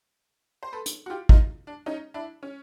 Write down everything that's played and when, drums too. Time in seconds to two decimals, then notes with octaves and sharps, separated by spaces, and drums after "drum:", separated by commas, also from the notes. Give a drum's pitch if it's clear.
0.63 C5
0.72 A4 B4
0.86 drum: hi-hat
1.06 F#4
1.10 F4 G4
1.29 D#4 F4, drum: kick
1.67 D4
1.86 C#4 D#4
2.14 D4 E4
2.43 C#4